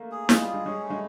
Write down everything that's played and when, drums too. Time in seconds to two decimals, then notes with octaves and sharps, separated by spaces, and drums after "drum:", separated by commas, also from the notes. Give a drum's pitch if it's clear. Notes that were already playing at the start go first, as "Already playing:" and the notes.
Already playing: A3 A#3
0.11 G#4
0.29 G#3 F4, drum: snare
0.41 G3
0.48 G#4
0.54 G#3
0.66 G#3 C#4
0.84 A3
0.90 G#3